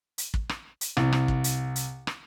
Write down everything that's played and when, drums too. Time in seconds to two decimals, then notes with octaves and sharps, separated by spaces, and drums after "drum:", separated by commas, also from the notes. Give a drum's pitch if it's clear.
0.18 drum: hi-hat
0.34 drum: kick
0.49 drum: rim click
0.81 drum: hi-hat
0.97 C2, drum: rim click
1.13 drum: rim click
1.28 drum: kick
1.44 drum: hi-hat
1.76 drum: hi-hat
2.07 drum: rim click